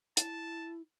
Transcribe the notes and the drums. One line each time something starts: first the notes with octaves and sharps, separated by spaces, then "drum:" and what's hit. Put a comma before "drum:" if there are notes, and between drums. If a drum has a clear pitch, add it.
E4 A5, drum: hi-hat